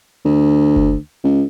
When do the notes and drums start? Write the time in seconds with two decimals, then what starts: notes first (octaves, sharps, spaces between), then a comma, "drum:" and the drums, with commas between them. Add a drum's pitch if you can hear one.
0.25 D2
0.76 drum: kick F#1
1.24 C#2